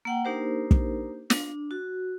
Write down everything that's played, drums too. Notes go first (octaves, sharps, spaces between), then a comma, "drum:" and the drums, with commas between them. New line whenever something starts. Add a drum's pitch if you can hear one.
A#3 F#5 G5
A#3 D4 D#4 G4 A#4 C5
drum: kick
D4, drum: snare
F#4